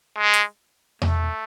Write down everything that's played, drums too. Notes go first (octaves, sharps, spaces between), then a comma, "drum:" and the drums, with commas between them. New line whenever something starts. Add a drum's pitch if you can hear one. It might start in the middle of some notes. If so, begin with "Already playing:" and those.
G#3
drum: hi-hat
A3, drum: tom E2